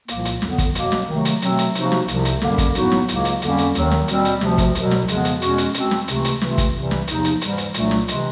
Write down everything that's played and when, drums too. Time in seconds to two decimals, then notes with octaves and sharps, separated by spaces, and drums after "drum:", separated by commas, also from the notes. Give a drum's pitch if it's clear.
0.08 C2 A#2 F3 A#3, drum: hi-hat
0.25 drum: hi-hat
0.42 F2 D3 F#3 B3, drum: snare
0.58 drum: kick, hi-hat
0.75 B2 F#3 A#3, drum: hi-hat
0.92 drum: snare
1.09 C3 D#3 F#3 A3
1.25 drum: hi-hat
1.42 B2 F#3 A3 C4, drum: hi-hat
1.58 drum: hi-hat
1.75 C3 F3 A#3 D#4 F#4, drum: hi-hat
1.92 drum: snare
2.08 C2 C3 F3, drum: hi-hat
2.25 drum: hi-hat
2.42 F#2 D3 G3 A#3, drum: snare
2.58 drum: kick, hi-hat
2.75 A2 F#3 B3 D#4 F#4, drum: hi-hat
2.92 drum: snare
3.08 C#2 C#3 F#3 A#3, drum: hi-hat
3.25 drum: hi-hat
3.42 F2 D3 G3 A#3 C#4, drum: hi-hat
3.58 drum: hi-hat
3.75 D#2 D#3 F#3, drum: hi-hat
3.91 drum: snare
4.08 B2 G3 C4, drum: hi-hat
4.25 drum: hi-hat
4.41 D2 C3 F3, drum: snare
4.58 drum: kick, hi-hat
4.75 C2 B2 F#3, drum: hi-hat
4.91 drum: snare
5.08 F2 C#3 F3 G#3 B3, drum: hi-hat
5.25 drum: hi-hat
5.42 E2 B2 G#3 C#4 F#4, drum: hi-hat
5.58 drum: hi-hat
5.74 B2 G#3 C4, drum: hi-hat
5.91 drum: snare
6.08 C#2 C3 E3 A3, drum: hi-hat
6.25 drum: hi-hat
6.41 C3 E3 A3 C4 F4, drum: snare
6.58 drum: kick, hi-hat
6.74 C2 C3 E3 G3
6.91 drum: snare
7.08 E2 C3 F3 A#3 D#4, drum: hi-hat
7.24 drum: hi-hat
7.41 G#2 E3 G3, drum: hi-hat
7.58 drum: hi-hat
7.74 C2 A#2 F#3 A3 D4, drum: hi-hat
7.91 drum: snare
8.08 C3 E3 G#3, drum: hi-hat